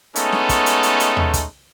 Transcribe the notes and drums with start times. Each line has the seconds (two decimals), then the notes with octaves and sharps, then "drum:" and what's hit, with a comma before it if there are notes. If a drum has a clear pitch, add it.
0.15 G#3 A3 B3 C#4 D#4 A4, drum: hi-hat
0.32 drum: snare
0.49 drum: kick, hi-hat
0.66 drum: hi-hat
0.83 drum: hi-hat
1.00 drum: hi-hat
1.17 drum: tom D#2
1.33 drum: kick, hi-hat